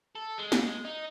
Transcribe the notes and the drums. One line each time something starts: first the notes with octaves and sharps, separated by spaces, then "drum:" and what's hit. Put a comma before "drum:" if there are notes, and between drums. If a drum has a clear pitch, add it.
A4
G#3
drum: snare
D#4